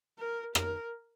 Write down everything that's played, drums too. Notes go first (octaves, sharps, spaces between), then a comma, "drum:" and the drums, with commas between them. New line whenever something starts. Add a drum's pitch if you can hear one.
A#4
A#4, drum: rim click